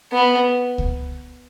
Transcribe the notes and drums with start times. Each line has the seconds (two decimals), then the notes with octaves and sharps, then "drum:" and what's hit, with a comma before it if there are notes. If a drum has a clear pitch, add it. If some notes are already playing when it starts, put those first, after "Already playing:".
0.12 B3
0.78 drum: kick C#2